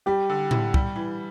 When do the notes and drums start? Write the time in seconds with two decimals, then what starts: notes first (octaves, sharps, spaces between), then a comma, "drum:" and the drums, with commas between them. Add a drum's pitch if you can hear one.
0.06 G3 G4
0.29 D3
0.51 E4, drum: tom A2
0.74 G3, drum: kick
0.96 E3